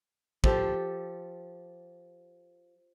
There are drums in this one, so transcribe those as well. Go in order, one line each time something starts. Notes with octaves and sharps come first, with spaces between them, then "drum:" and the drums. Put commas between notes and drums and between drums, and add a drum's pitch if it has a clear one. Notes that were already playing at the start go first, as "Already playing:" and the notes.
F3 G4 A4, drum: kick